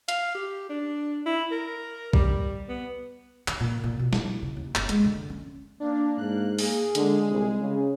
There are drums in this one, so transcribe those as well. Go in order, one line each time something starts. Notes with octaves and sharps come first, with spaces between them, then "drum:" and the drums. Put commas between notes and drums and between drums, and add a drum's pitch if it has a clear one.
F5, drum: hi-hat
G4
D4
E4
A#4
G3, drum: kick B1
B3
D#3, drum: clap
A#2
A#2
B2
E4, drum: snare
C#3
D#2
G1, drum: clap
G#3, drum: hi-hat
D3
C#4
A#3 D4
G#2 F#6
A#3 G#4, drum: open hi-hat
D3 G#3, drum: hi-hat
C2 G#3
C#3